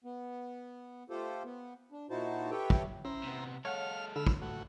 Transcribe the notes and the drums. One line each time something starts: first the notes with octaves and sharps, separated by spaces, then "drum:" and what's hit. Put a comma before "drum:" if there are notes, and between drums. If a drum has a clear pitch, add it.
B3
A3 F4 G4 A4 C5
B3
D4
A#2 D#4 E4 F#4 C5 A5
G4 A4 B4 C#5 E5 G5
drum: kick
C#4 E4 C5 A#5
C3 B3
G#3 A4 C#5 F5 F#5 F6
D3 B5 E6 F6
drum: kick
A2 F#4